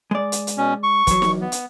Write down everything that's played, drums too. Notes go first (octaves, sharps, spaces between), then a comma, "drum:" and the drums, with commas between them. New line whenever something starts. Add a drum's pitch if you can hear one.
G#3 D5
drum: hi-hat
drum: hi-hat
B2 C#4
C#6
E3 F#3, drum: kick, hi-hat
drum: snare
B3
drum: hi-hat